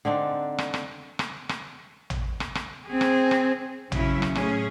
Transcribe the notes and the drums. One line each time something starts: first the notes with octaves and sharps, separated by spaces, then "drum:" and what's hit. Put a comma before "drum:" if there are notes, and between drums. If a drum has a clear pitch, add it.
D3 C4 D4 D#4
drum: rim click
drum: rim click
drum: rim click
drum: rim click
drum: tom A1
drum: rim click
drum: rim click
C4 G#4
drum: rim click
drum: rim click
C#3 F#3 C#4 E4, drum: tom A1
drum: rim click
A2 C#4 G#4, drum: rim click